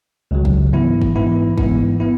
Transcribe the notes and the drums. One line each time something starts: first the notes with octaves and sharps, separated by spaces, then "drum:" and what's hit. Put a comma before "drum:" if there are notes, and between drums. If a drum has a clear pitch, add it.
C#2 C#3 F#3
drum: kick
G#2 E3 B3 E4
drum: kick
G#2 E3 B3 E4
G#2 E3 B3 E4, drum: kick
B3 E4